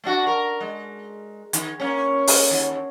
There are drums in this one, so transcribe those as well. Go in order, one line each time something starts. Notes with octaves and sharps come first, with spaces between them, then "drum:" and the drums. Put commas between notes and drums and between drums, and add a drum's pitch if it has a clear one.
A3 D4 F#4
A#4
G#3
D#3, drum: hi-hat
A#3 C#4
drum: open hi-hat
D#2